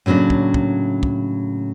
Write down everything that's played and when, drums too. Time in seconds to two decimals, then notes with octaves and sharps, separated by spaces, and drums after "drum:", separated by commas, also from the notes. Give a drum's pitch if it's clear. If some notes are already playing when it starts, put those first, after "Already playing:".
0.06 A2 C#3 F#3 A#3 D4
0.30 drum: kick
0.54 drum: kick
1.03 drum: kick